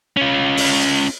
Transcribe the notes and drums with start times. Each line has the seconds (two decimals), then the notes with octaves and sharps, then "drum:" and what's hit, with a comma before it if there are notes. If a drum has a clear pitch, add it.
0.17 C#4 F4
0.57 drum: open hi-hat